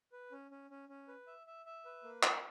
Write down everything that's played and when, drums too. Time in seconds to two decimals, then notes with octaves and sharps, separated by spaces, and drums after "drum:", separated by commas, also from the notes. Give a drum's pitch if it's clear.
0.12 B4
0.32 C#4
0.51 C#4
0.70 C#4
0.89 C#4
1.08 B4
1.27 E5
1.47 E5
1.66 E5
1.85 B4
2.04 A#3
2.23 A#4, drum: clap